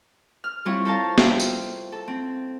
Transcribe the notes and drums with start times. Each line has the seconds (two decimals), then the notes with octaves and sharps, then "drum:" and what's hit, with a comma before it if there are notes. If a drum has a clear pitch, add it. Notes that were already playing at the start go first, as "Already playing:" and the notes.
0.44 F6
0.65 G3 C4 E4 F4 C#5
0.85 A4 A#4 C5 C#5 F5 A5
1.18 E5 F5 G5 C6, drum: snare
1.40 drum: tambourine
1.92 A4
2.08 C4